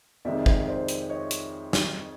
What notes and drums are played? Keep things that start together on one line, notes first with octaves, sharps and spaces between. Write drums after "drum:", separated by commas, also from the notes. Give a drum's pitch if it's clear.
F2 C3 D#3 G#3 D5 E5
drum: kick
C5 D5
drum: hi-hat
C#5 D#5
drum: hi-hat
drum: snare